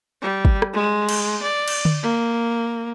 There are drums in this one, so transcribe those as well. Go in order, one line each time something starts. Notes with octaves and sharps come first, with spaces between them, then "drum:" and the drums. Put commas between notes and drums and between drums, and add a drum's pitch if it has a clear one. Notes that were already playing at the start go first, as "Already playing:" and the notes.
G3
drum: kick
drum: rim click
G#3
drum: cymbal
D5
drum: cymbal
drum: tom D3
A#3